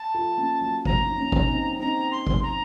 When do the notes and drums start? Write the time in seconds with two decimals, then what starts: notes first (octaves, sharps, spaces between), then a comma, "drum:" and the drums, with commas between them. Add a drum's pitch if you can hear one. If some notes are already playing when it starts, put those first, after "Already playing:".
Already playing: A5
0.14 F4 A4
0.38 A#3 C#4
0.61 F#3 A#3
0.85 A#5, drum: kick G#1
1.06 D#4
1.16 A#3 C#4
1.32 drum: kick G#1
1.48 C4 D#4
1.79 C4 D#4 A#5
2.11 C6
2.27 drum: kick G#1
2.42 A#5